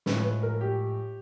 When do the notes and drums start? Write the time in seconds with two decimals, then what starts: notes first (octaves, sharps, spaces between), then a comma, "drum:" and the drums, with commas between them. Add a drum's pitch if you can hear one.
0.06 A2 F3 G#3 B4, drum: snare
0.24 B4
0.43 A#4
0.61 G4